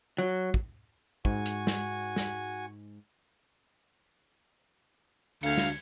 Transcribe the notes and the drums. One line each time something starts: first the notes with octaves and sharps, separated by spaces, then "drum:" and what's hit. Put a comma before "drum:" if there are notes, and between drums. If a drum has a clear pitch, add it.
F#3
drum: kick
G#2 F#4 G#5 C#6, drum: kick
drum: hi-hat
drum: snare
drum: snare
D2 F5 G#6 C#7, drum: cymbal
drum: snare